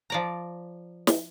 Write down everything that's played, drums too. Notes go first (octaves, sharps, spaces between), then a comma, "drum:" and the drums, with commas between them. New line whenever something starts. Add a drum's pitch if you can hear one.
F3 D5 A#5
drum: snare